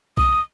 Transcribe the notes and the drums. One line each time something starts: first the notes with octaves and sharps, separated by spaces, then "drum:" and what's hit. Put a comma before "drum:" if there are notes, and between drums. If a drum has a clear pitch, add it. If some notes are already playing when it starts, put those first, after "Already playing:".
D#6, drum: kick B1